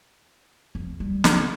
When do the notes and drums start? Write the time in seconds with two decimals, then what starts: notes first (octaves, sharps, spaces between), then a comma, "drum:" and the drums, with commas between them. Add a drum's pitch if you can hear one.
0.75 F2
1.00 G3
1.24 E3, drum: snare